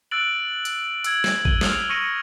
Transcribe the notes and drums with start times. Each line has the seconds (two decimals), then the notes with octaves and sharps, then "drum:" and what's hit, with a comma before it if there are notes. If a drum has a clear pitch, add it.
0.11 E6 F#6 A6 D7 F#7
0.65 drum: hi-hat
1.04 E6 G#6 F#7, drum: hi-hat
1.24 drum: snare
1.45 D#7 G7, drum: kick A1
1.61 D#6 F6 F7, drum: snare
1.89 C#6 F6 A#6 C#7 D#7